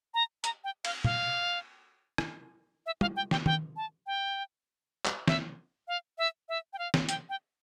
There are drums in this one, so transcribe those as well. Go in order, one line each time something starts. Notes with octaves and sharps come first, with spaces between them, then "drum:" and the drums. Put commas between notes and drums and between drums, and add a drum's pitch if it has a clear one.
A#5
A#5, drum: hi-hat
G5
F5, drum: cymbal
F5, drum: tom A#2
drum: rim click
E5
F5, drum: tom G3
G5
G5, drum: snare
G5, drum: tom D#3
A5
G5
drum: clap
E5, drum: snare
F5
E5
E5
G5
F5
drum: snare
G5, drum: hi-hat
G5